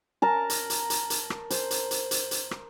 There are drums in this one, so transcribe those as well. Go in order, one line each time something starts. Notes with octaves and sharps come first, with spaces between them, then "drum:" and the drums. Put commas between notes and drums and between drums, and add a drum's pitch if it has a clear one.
A#4 A5
drum: hi-hat
drum: hi-hat
drum: hi-hat
drum: hi-hat
drum: rim click
C5, drum: hi-hat
drum: hi-hat
drum: hi-hat
drum: hi-hat
drum: hi-hat
drum: rim click